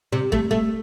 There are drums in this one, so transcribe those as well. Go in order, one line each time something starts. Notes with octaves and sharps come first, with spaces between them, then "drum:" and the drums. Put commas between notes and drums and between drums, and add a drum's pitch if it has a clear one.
C3
A3, drum: kick
A3